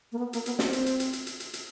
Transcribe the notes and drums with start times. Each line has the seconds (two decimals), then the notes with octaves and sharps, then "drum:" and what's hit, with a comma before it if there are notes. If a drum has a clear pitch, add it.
0.12 A#3
0.18 B3
0.33 A#3, drum: hi-hat
0.46 B3, drum: hi-hat
0.59 C4, drum: snare
0.73 drum: hi-hat
0.86 drum: hi-hat
1.00 drum: hi-hat
1.13 drum: hi-hat
1.27 drum: hi-hat
1.40 drum: hi-hat
1.53 drum: hi-hat